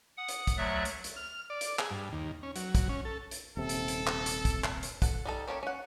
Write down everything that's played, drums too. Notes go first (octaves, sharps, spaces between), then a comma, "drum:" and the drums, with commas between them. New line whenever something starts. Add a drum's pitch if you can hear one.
F#5 D#6
drum: hi-hat
drum: kick, hi-hat
D2 F#3 D5 E5 F#6
drum: hi-hat
drum: hi-hat
F6
D5
drum: hi-hat
G#4, drum: clap
G2
D#2
C#4
F#3, drum: hi-hat
drum: kick, hi-hat
C#4
A4
drum: hi-hat
D#1 C3 A4
drum: hi-hat
drum: hi-hat
drum: clap
drum: hi-hat
drum: kick, hi-hat
drum: clap
drum: hi-hat
A4 F#5, drum: kick, hi-hat
G3 D#4 A4
A#3 C#4 G4 A4 C#5
C#4 F#5